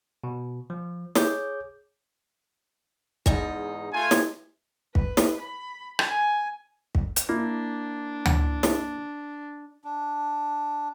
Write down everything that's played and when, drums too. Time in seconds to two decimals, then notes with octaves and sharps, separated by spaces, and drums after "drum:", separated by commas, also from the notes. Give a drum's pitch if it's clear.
0.24 B2
0.70 F3
1.15 G#4 C#5 D6 G6, drum: snare
3.26 E2 G#2 D#4, drum: kick
3.93 A3 F4 G#5
4.11 drum: snare
4.95 B4, drum: kick
5.17 drum: snare
5.41 B5
5.99 drum: rim click
6.08 G#5
6.95 drum: kick
7.16 drum: hi-hat
7.29 A#3 D4 E4
8.26 drum: tom D2
8.63 drum: snare
9.84 D4